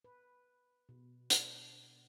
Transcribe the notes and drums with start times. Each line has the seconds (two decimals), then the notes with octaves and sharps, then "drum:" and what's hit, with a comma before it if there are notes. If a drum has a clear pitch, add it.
0.04 B4
0.89 B2
1.30 D4, drum: hi-hat